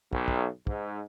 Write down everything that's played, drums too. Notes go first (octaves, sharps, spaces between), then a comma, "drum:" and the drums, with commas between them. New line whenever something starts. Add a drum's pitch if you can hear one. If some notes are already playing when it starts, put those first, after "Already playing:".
B1, drum: kick
drum: kick
G#2, drum: kick